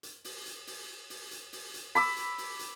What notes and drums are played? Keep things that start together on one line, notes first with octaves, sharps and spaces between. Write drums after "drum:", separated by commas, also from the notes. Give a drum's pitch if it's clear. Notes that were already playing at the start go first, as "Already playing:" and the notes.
drum: hi-hat
drum: open hi-hat
drum: hi-hat
drum: open hi-hat
drum: open hi-hat
drum: hi-hat
drum: open hi-hat
drum: hi-hat
B5 D6 E6, drum: open hi-hat
drum: hi-hat
drum: open hi-hat
drum: hi-hat